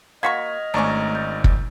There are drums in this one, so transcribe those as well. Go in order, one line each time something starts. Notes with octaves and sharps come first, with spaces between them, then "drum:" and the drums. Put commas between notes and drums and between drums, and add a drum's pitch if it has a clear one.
A#3 F#4 D#5 C#6 F6 G#6 B6
G#1 A3 C#4 D4 D5 A#5 C#6
G6
drum: kick